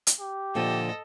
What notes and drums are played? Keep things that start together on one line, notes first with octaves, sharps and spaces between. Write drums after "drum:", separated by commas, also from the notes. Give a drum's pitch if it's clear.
drum: hi-hat
G4
A#2 D3 F3 A4 D#5